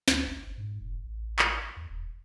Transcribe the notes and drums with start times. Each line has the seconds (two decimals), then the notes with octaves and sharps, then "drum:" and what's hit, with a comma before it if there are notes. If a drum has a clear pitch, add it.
0.08 D2, drum: snare
0.27 G1
0.57 G#2
0.81 F1
1.04 A1
1.39 drum: clap
1.76 E2
1.90 D#1